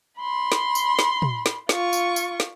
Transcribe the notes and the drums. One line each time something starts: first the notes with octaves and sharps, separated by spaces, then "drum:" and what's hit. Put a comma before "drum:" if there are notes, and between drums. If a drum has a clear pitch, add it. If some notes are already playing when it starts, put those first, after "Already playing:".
B5 C6
drum: snare
drum: tambourine
drum: snare
drum: tom
drum: snare
F4 C#6, drum: snare
drum: tambourine
drum: tambourine
drum: snare